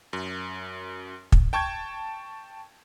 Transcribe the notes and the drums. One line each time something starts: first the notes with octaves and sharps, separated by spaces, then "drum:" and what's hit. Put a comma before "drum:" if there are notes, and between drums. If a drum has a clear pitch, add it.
F#2
drum: kick
G5 A5 C#6 G6 G#6